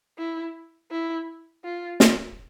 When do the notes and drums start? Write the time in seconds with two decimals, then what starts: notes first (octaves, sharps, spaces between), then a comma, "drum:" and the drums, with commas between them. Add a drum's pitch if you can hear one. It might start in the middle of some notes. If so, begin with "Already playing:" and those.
0.18 E4
0.91 E4
1.64 F4
2.00 drum: snare